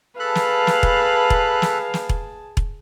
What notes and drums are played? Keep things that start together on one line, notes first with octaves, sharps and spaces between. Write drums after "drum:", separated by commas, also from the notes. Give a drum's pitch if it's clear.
G#4 A4 B4 F5 A5 B5 F#6
drum: snare
drum: snare
drum: kick E1
drum: kick E1
drum: snare
drum: snare
drum: kick E1
drum: kick E1